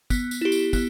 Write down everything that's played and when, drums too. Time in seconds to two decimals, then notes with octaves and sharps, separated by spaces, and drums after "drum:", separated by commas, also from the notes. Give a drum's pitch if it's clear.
0.10 B3, drum: kick, tambourine
0.31 drum: tambourine
0.41 E4 G4
0.52 drum: tambourine
0.73 B3, drum: kick, tambourine